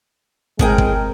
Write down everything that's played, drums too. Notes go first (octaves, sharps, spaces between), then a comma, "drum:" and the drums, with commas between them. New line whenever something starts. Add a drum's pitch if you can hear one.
A2 G#3 C4 G#4 A#4 G5, drum: kick
drum: kick